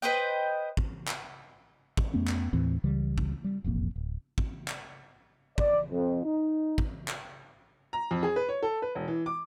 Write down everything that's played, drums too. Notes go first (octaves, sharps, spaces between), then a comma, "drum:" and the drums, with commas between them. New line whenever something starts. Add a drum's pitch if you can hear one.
B4 C5 D#5 G5
drum: kick
drum: clap
drum: kick
F2 A3 B3 C#4
drum: clap
D#2 A2 E3 C4
C#2 C#3 E3 G3
drum: kick
G3
E1 A1 F2 A#3
D1
drum: kick
drum: clap
D5, drum: kick
F2
D#4
drum: kick
drum: clap
A#5
F2
G#4
B4
C#5
A4
B4
E1
E3
D6